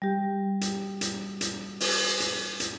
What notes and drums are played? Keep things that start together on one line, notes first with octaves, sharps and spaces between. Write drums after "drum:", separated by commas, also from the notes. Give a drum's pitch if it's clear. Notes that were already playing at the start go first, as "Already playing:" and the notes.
G3 G4
drum: hi-hat
drum: hi-hat
drum: hi-hat
drum: open hi-hat
drum: hi-hat
drum: hi-hat